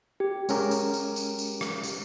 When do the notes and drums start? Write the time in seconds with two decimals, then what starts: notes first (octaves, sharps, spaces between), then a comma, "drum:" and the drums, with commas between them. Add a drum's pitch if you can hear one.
0.20 G4
0.49 G#3 C#4 A#4, drum: tambourine
0.71 drum: tambourine
0.94 drum: tambourine
1.16 drum: tambourine
1.39 drum: tambourine
1.61 drum: rim click
1.84 drum: tambourine